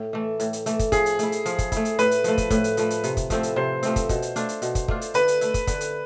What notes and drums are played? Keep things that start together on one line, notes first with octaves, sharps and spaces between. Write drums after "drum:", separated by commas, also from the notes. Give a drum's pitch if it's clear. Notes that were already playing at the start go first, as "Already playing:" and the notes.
Already playing: A2
E3 A3
A2, drum: hi-hat
drum: hi-hat
E3 A3, drum: hi-hat
drum: kick, hi-hat
F3 G#4, drum: kick, hi-hat
drum: hi-hat
A3 E4, drum: hi-hat
drum: hi-hat
F3, drum: hi-hat
drum: kick, hi-hat
A3 E4, drum: kick, hi-hat
drum: hi-hat
A2 B4, drum: hi-hat
drum: hi-hat
F3 A3, drum: hi-hat
drum: kick, hi-hat
A2, drum: kick, hi-hat
drum: hi-hat
F3 A3, drum: hi-hat
drum: hi-hat
C3, drum: hi-hat
drum: kick, hi-hat
F3 A3 C4, drum: kick, hi-hat
drum: hi-hat
C3 C5
F3 A3 C4, drum: hi-hat
drum: kick, hi-hat
B2, drum: kick, hi-hat
drum: hi-hat
A3 D4 F4, drum: hi-hat
drum: hi-hat
B2, drum: hi-hat
drum: kick, hi-hat
A3 D4 F4, drum: kick
drum: hi-hat
D3 B4, drum: hi-hat
drum: hi-hat
A3 E4, drum: hi-hat
drum: kick, hi-hat
D3, drum: kick, hi-hat
drum: hi-hat